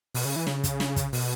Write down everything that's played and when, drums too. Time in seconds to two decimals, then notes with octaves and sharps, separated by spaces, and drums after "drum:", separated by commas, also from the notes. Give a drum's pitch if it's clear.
0.15 B2, drum: open hi-hat
0.25 C#3
0.36 E3
0.47 C#3, drum: snare
0.64 drum: kick, hi-hat
0.80 drum: snare
0.96 drum: kick, hi-hat
1.13 B2, drum: open hi-hat